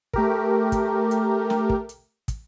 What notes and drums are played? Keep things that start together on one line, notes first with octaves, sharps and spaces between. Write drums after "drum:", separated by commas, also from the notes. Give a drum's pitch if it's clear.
A3 G4 A#4, drum: kick
drum: kick, hi-hat
drum: hi-hat
drum: snare
drum: kick
drum: hi-hat
drum: kick, hi-hat